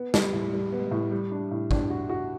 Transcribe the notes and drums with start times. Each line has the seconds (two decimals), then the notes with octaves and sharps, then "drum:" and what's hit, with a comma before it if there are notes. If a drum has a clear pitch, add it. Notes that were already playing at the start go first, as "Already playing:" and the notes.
Already playing: B3
0.14 G3, drum: snare
0.33 A2
0.53 G3
0.72 B3
0.91 A2
1.11 G3
1.32 D4
1.51 A2
1.71 D4, drum: kick
1.90 F#4
2.09 F#4